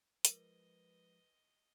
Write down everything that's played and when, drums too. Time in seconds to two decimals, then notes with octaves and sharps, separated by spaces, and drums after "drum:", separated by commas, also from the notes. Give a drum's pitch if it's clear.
0.25 F3 G#3 A#4 B4 D#5 D6, drum: hi-hat